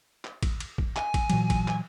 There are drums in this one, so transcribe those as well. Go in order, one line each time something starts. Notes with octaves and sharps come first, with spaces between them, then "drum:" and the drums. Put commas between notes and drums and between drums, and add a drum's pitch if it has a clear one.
drum: clap
drum: kick A1, cymbal
drum: cymbal
drum: kick A1
G#5, drum: clap
drum: kick A1, cymbal
A#2 E3 F#3, drum: cymbal
drum: kick A1, cymbal
drum: clap